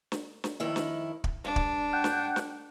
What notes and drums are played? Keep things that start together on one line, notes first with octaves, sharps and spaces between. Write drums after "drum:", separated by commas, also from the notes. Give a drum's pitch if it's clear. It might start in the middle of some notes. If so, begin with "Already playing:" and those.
drum: snare
drum: snare
F2 D#3 E4
drum: snare
drum: kick
G2 D4
drum: kick
F#5 G5
drum: snare
drum: snare